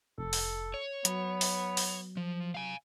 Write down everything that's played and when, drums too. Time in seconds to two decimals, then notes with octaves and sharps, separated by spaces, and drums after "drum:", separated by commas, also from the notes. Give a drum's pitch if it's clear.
0.18 F1 A4
0.33 drum: open hi-hat
0.74 C#5
1.05 F#3 B3, drum: hi-hat
1.41 drum: open hi-hat
1.77 drum: open hi-hat
2.17 F3
2.54 F5 G#5